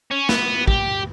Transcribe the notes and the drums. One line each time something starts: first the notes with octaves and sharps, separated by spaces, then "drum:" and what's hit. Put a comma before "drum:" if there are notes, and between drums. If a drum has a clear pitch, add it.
C#4
B3, drum: snare
G4, drum: kick